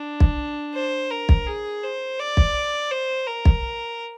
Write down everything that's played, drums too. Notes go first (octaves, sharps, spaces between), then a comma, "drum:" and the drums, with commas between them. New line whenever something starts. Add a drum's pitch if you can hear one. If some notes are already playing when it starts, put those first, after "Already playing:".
Already playing: D4
drum: kick
C5
A#4
drum: kick
G#4
C5
D5
drum: kick
C5
A#4
drum: kick